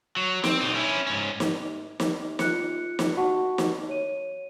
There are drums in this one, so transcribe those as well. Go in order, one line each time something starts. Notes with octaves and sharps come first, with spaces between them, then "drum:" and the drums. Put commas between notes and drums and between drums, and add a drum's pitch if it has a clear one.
F#3
C4, drum: snare
B1 D#4
C#4 E4
G#2 C#4
drum: snare
drum: snare
F4 F#6 C#7, drum: snare
drum: snare
F#4 F#5 A5 C#6
drum: snare
C#5 D#7